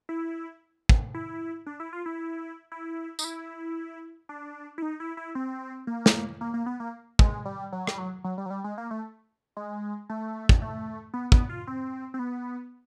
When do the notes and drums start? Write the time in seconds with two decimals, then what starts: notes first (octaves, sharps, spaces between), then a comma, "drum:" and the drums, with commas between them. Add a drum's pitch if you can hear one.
0.09 E4
0.89 drum: kick
1.14 E4
1.66 D4
1.80 E4
1.93 F4
2.06 E4
2.72 E4
3.19 D#4, drum: tambourine
3.24 E4
4.29 D4
4.78 E4
4.82 D#4
5.00 E4
5.17 E4
5.35 C4
5.87 A#3
6.06 drum: snare
6.41 A#3
6.54 A#3
6.66 B3
6.80 A#3
7.19 G#3, drum: kick
7.45 G3
7.72 F#3
7.87 G3, drum: rim click
7.98 F#3
8.24 F#3
8.38 G3
8.46 F#3
8.50 G3
8.64 G#3
8.78 A#3
8.91 A3
9.57 G#3
10.09 A3
10.49 drum: kick
10.62 A3
11.14 B3
11.32 B3, drum: kick
11.49 F4
11.67 C4
12.14 C4
12.19 B3